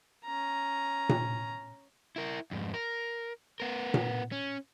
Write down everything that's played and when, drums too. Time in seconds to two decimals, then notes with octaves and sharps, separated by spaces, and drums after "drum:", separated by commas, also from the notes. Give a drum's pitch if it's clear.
0.25 C#4 A#5
1.09 drum: tom A#2
2.16 E4 A#4
2.51 F2 G#2
2.74 A#4
3.60 B3 A#4
3.94 drum: tom A#2
4.32 C#4